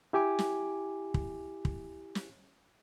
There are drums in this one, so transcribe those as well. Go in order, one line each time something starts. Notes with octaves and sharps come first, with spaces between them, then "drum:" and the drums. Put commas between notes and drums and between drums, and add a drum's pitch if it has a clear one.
E4 G4 G#5 D6
drum: snare
drum: kick
drum: kick
drum: snare